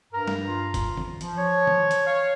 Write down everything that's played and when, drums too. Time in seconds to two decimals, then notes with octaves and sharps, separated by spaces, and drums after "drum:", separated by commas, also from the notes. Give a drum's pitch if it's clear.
0.13 G2 A#4 A#5
0.27 drum: snare
0.48 F4
0.74 drum: kick F#1, hi-hat
0.97 drum: tom D#3
1.21 F3, drum: hi-hat
1.38 C#5
1.67 drum: tom D#3
1.91 drum: hi-hat
2.06 C#5 F5